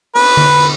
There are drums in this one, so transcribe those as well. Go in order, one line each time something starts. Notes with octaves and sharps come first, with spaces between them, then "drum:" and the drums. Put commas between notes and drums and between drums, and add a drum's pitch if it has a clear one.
B4, drum: cymbal
drum: tom D3
drum: cymbal